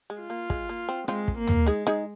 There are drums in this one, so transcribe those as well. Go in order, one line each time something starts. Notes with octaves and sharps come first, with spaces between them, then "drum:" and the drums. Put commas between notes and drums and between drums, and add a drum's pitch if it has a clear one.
G#3
F4
A#3
G#3, drum: kick
A#3
C4
G#3 C4 F4, drum: rim click
drum: kick
A#3
drum: tom
G#3 D#4 G#4
D#4 G#4, drum: rim click